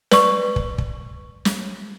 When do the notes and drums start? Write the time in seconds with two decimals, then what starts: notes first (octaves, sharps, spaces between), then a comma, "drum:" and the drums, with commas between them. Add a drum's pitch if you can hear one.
0.11 B4 D5 C#6, drum: snare
0.56 drum: kick
0.78 drum: kick
1.45 drum: snare